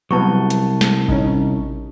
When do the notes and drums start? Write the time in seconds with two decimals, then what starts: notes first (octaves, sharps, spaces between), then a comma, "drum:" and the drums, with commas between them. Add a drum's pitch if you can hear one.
0.11 C2 F#3 B3 A5 C#6
0.50 drum: hi-hat
0.81 drum: snare
1.09 C#4 D#4, drum: kick A1